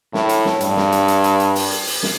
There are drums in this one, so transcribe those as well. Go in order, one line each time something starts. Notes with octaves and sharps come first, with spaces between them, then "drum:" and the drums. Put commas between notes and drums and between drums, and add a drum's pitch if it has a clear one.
A2, drum: snare
drum: hi-hat
drum: snare
G2, drum: hi-hat
drum: snare
drum: hi-hat
drum: hi-hat
drum: hi-hat
drum: hi-hat
drum: open hi-hat
drum: hi-hat
drum: open hi-hat
drum: snare